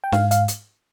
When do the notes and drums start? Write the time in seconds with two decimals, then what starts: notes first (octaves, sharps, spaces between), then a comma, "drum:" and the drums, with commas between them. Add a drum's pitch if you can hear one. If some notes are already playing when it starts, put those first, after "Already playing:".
0.04 G5
0.12 G#2 F5, drum: snare
0.31 F5, drum: hi-hat
0.48 drum: hi-hat